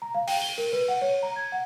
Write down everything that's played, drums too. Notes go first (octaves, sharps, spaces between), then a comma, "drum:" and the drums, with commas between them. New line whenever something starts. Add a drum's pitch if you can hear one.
A#5
F5
G5, drum: open hi-hat
G7
A#4
B4
F#5
C#5
A#5
G#6
F#5